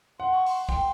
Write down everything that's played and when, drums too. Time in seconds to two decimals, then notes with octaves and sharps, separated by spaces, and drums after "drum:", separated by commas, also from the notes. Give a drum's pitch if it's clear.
0.19 F#5 C6
0.33 C#6
0.46 C6, drum: open hi-hat
0.69 G5 C6, drum: kick